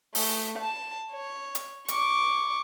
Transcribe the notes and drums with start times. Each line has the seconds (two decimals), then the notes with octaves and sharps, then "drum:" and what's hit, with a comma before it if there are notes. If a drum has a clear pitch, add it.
0.15 A3, drum: open hi-hat
0.59 A5
1.12 C#5
1.55 drum: hi-hat
1.88 C#6 D6, drum: hi-hat